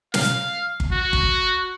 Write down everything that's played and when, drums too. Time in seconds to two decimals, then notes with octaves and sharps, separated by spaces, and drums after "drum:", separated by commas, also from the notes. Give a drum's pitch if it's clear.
0.14 F5, drum: snare
0.80 drum: kick G1
0.91 F#4
1.13 drum: kick G1